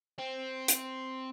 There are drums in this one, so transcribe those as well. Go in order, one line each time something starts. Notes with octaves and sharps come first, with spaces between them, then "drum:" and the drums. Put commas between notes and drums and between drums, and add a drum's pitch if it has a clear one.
C4
drum: hi-hat